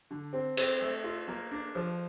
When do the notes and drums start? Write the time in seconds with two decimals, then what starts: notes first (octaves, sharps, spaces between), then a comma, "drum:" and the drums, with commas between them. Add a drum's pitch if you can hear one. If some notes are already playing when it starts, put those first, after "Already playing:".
0.11 D3
0.33 C4
0.57 C4, drum: cymbal
0.81 A3
1.04 F4
1.28 A#3
1.52 D4
1.75 F3